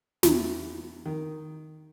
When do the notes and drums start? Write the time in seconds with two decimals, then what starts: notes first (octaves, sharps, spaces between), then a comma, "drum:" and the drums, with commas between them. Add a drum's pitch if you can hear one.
0.23 E2, drum: snare
1.05 D#3